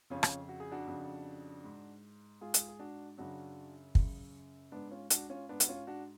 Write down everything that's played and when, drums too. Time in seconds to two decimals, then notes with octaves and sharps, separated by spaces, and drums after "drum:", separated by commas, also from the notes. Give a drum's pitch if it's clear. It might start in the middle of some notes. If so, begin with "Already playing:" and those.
0.10 F2 C#3 C#4 F4
0.23 drum: rim click
0.49 F#4
0.60 G#4
0.71 D4 F#4
0.87 F2 C#3
1.64 G#2
2.41 G#2 F4 G#4
2.54 drum: hi-hat
2.69 G#4
2.79 D4 F#4
3.18 F#2 C#3 D4 F#4
3.95 F#2 C#3, drum: kick
4.72 G#2 B3 D4
4.91 C#4 F4
5.10 D4 F#4, drum: hi-hat
5.30 C#4 F4
5.49 G#2 B3 D4
5.60 F#4, drum: hi-hat
5.68 C#4 F4
5.87 D4 F#4